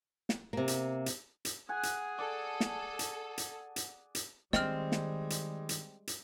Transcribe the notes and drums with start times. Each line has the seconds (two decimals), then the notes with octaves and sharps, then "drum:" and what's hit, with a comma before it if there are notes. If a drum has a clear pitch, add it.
0.29 drum: snare
0.53 C3 A#3
0.68 drum: hi-hat
1.06 drum: hi-hat
1.45 drum: hi-hat
1.69 G#4 F#5 G#5
1.83 drum: hi-hat
2.19 A4 D5
2.60 drum: snare
2.99 drum: hi-hat
3.38 drum: hi-hat
3.76 drum: hi-hat
4.15 drum: hi-hat
4.53 D#3 G3 G#3 C4 D#5 F6, drum: snare
4.92 drum: snare
5.30 drum: hi-hat
5.69 drum: hi-hat
6.07 drum: hi-hat